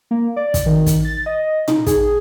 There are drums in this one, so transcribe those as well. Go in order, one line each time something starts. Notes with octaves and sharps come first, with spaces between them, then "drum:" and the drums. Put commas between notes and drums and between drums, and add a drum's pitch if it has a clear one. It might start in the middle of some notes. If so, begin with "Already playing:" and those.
A#3
D5
drum: kick, hi-hat
D#3
drum: kick, hi-hat
A6
D#5
D#4, drum: tom A#2
G#4, drum: kick, hi-hat